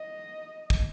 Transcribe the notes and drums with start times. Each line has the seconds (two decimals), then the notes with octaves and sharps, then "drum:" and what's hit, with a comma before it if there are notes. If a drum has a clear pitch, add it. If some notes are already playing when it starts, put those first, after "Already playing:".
Already playing: D#5
0.70 drum: kick